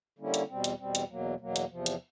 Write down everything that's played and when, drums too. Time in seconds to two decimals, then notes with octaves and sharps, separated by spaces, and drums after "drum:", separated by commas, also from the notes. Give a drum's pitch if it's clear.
0.19 D3 G3 A#3 C#4 E4
0.34 drum: hi-hat
0.49 E2 B2 G3 C4
0.64 drum: hi-hat
0.79 E2 B2 G3 C4
0.95 drum: hi-hat
1.10 E2 B2 F#3 A#3
1.40 E2 B2 F#3 A#3
1.56 drum: hi-hat
1.71 E2 C3 F3
1.86 drum: hi-hat